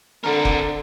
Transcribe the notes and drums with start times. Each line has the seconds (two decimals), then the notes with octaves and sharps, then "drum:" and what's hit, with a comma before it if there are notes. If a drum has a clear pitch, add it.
0.24 D3 C4 A#4
0.45 drum: kick F1